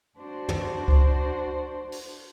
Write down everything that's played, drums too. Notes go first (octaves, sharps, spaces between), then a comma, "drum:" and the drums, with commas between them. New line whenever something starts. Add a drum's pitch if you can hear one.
D4 F#4 C5
drum: tom
drum: kick C#2
drum: open hi-hat